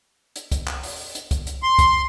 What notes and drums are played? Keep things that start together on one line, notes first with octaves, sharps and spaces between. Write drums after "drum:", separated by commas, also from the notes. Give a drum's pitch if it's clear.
drum: hi-hat
drum: kick, hi-hat
drum: clap
drum: open hi-hat
drum: hi-hat
drum: kick, hi-hat
drum: hi-hat
C6
drum: kick, hi-hat